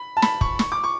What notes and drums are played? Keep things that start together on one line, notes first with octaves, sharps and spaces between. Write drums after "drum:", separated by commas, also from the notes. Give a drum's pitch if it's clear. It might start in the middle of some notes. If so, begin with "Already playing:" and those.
Already playing: B5
A5
B5, drum: snare
C#6, drum: kick
C#6, drum: snare
D6
C#6